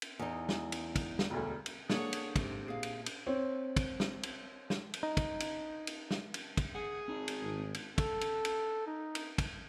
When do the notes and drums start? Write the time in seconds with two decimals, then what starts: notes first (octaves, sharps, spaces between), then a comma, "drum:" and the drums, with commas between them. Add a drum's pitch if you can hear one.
0.02 drum: cymbal
0.19 E2 D#4
0.49 drum: snare
0.72 drum: cymbal
0.96 drum: kick, cymbal
1.19 drum: snare
1.30 E1 D2
1.66 drum: cymbal
1.90 A#3 D4 G#4 A4 C#5 F#5, drum: snare
2.13 drum: cymbal
2.36 G#2 C3, drum: kick, cymbal
2.68 A#2 G#4 F5
2.83 drum: cymbal
3.06 drum: cymbal
3.27 C4 C#5
3.76 drum: kick, cymbal
4.00 drum: snare
4.23 drum: cymbal
4.70 drum: snare
4.94 drum: cymbal
5.03 D#4
5.17 drum: kick, cymbal
5.40 drum: cymbal
5.87 drum: cymbal
6.11 drum: snare
6.34 drum: cymbal
6.57 drum: kick, cymbal
6.75 G#4 F#5
7.08 C4 D#4
7.28 drum: cymbal
7.43 G#1
7.74 drum: cymbal
7.98 A4, drum: kick, cymbal
8.21 drum: cymbal
8.45 drum: cymbal
8.87 D#4
9.15 drum: cymbal
9.38 drum: kick, cymbal